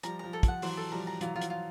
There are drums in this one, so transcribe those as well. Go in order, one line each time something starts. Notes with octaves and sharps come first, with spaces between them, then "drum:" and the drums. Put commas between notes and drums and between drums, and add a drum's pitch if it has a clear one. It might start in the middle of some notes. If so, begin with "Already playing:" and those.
F3 G3 A#5, drum: hi-hat
F3 A#5
A4
F3, drum: kick, hi-hat
F#5
E3 F#3 C5, drum: open hi-hat
A4
F3 G3 A#5
A#5
E3 F#3 F4, drum: hi-hat
F#3 F4
F3, drum: hi-hat
F4